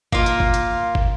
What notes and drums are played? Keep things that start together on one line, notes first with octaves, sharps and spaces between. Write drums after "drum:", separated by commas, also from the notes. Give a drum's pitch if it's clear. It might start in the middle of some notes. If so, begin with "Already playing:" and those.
A#3 F4, drum: kick
drum: hi-hat
drum: kick
drum: hi-hat
drum: kick